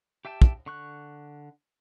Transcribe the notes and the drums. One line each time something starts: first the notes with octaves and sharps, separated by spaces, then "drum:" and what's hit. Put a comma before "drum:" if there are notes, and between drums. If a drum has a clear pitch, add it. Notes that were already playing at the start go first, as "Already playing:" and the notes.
G4 E5 G5 A5
drum: kick
D3 C#6 F#6